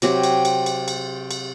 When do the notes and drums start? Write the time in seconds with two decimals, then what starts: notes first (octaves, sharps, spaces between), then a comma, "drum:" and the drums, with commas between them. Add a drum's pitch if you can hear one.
0.02 C3 F#3 C4 G4, drum: cymbal
0.23 drum: cymbal
0.45 drum: cymbal
0.66 drum: cymbal
0.88 drum: cymbal
1.31 drum: cymbal